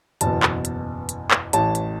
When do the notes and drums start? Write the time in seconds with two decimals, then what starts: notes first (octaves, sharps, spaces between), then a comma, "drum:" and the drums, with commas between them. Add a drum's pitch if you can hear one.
0.21 F#1 E2 B2 A5, drum: hi-hat
0.43 drum: clap
0.65 drum: hi-hat
1.09 drum: hi-hat
1.31 drum: clap
1.53 A1 A2 E3 A5, drum: hi-hat
1.75 drum: hi-hat